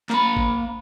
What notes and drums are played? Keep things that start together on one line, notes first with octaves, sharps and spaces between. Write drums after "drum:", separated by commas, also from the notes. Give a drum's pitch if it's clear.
A#3 B5, drum: clap
drum: kick